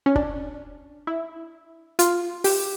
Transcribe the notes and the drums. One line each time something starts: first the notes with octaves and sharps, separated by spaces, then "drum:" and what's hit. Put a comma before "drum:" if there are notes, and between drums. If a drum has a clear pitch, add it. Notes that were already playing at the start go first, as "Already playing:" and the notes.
C#4
D4, drum: kick
E4
F4, drum: hi-hat
G4, drum: open hi-hat